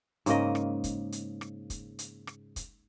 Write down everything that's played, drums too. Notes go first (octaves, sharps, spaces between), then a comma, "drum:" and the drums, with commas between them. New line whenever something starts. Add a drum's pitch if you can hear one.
G#2 C#3 A#3 D#5, drum: hi-hat
drum: rim click
drum: kick, hi-hat
drum: hi-hat
drum: rim click
drum: kick, hi-hat
drum: hi-hat
drum: rim click
drum: kick, hi-hat